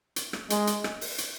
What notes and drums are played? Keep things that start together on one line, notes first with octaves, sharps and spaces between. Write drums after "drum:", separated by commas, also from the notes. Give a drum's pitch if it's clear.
drum: hi-hat
drum: rim click
G#3, drum: hi-hat
drum: hi-hat
drum: rim click
drum: open hi-hat
drum: hi-hat